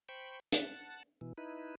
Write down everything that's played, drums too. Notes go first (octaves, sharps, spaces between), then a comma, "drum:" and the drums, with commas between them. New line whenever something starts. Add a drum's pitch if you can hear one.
C5 G5 B5 C#6
F#5 A5, drum: hi-hat
B2 E3
D#4 E4 B4